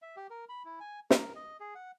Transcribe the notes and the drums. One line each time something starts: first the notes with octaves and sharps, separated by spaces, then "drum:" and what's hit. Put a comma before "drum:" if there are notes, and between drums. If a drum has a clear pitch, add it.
E5
G4
A#4
B5
E4
G#5
A#4, drum: snare
D#5
G#4
F#5